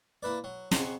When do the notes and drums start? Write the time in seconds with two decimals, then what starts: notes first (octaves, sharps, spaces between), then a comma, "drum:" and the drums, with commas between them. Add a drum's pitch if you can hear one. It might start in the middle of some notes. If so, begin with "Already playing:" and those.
0.23 A#3 E4 B4 D5
0.44 F#3
0.71 F2 C#3 F#3 C6 C#6, drum: snare